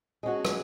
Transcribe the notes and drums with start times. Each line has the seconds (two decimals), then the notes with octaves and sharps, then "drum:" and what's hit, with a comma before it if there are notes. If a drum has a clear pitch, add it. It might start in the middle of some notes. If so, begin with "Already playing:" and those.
0.23 G#3 C#4 F#4
0.45 drum: rim click